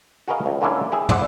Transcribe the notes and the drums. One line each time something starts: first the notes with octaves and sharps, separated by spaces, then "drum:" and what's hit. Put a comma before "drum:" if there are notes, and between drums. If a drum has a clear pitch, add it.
F#4 G#4 A#4 B4 D#5 F5
C#2
D3 A#3 C#4 D4 E4
E4 G4 G#4 E5
E4 C5 D5 E5 F#5, drum: tom